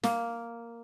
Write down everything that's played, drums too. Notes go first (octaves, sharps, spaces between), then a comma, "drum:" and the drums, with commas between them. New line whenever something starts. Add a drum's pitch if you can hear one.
A#3, drum: snare